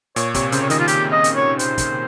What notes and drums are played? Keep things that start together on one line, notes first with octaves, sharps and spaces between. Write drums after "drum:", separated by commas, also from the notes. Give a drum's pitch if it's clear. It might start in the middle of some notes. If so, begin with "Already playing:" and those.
A#2 C#5, drum: hi-hat
C3 C#5, drum: kick, hi-hat
C#3 C5, drum: hi-hat
C#5
D#3 D#5, drum: hi-hat
F4
G4, drum: hi-hat
D#5
drum: hi-hat
C#5
C5, drum: hi-hat
drum: kick, hi-hat